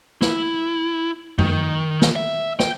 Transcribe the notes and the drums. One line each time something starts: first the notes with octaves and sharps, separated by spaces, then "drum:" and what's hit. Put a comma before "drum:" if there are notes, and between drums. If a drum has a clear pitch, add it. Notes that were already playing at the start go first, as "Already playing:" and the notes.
E4, drum: snare
D#3, drum: tom F#2
drum: snare
E5
G5, drum: snare